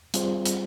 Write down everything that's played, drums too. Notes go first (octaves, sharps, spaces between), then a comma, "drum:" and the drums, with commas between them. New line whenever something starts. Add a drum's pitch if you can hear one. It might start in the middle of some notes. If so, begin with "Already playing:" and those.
G3 C4 F4 G#4 C5, drum: hi-hat
drum: hi-hat